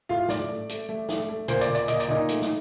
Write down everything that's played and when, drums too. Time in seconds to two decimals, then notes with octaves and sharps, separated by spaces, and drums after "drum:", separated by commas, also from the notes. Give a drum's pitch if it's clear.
0.09 A2 F4 F5
0.28 A2 D5, drum: snare
0.48 A3
0.69 A3, drum: hi-hat
0.89 A3
1.09 A3, drum: snare
1.29 A3
1.48 A#2 C5, drum: hi-hat
1.61 D5, drum: hi-hat
1.69 A#2
1.75 D5, drum: hi-hat
1.88 A#2 D#5, drum: hi-hat
2.00 D5, drum: hi-hat
2.08 A#2 D#4 D#5
2.29 A3, drum: hi-hat
2.42 drum: snare